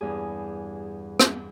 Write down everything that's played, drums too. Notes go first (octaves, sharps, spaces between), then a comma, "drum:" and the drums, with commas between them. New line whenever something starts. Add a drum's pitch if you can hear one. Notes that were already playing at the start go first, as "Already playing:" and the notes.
E2 G2 G#4
drum: rim click